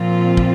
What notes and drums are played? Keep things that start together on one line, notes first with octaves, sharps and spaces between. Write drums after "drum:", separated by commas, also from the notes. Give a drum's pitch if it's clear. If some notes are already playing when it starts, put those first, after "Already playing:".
Already playing: A#2 F3 C4 F4
drum: kick